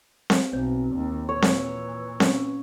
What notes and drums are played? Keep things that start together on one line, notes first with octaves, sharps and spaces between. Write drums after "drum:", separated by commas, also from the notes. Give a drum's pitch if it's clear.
drum: snare C4
B1 C4
D#2
A#2 E3 C#5
drum: snare C4
C#4, drum: snare C4